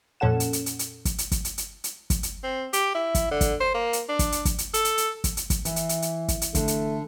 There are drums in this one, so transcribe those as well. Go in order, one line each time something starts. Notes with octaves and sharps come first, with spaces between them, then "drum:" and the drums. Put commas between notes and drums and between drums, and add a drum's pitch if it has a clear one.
F2 A#2 C#4 A4 F#5 E7
drum: hi-hat
drum: hi-hat
drum: hi-hat
drum: hi-hat
drum: kick, hi-hat
drum: hi-hat
drum: kick, hi-hat
drum: hi-hat
drum: hi-hat
drum: hi-hat
drum: kick, hi-hat
drum: hi-hat
C4
G4, drum: hi-hat
E4
drum: kick, hi-hat
D3
drum: kick, hi-hat
C5
A#3
drum: hi-hat
D4
drum: kick, hi-hat
drum: hi-hat
drum: kick, hi-hat
drum: hi-hat
A4, drum: hi-hat
drum: hi-hat
drum: hi-hat
drum: kick, hi-hat
drum: hi-hat
drum: kick, hi-hat
E3, drum: hi-hat
drum: hi-hat
drum: hi-hat
drum: hi-hat
drum: kick, hi-hat
drum: hi-hat
D3 A3, drum: kick, hi-hat
drum: hi-hat